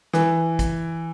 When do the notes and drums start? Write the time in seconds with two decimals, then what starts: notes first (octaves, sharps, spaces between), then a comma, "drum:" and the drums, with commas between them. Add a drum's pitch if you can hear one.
0.13 E3, drum: rim click
0.59 drum: kick, hi-hat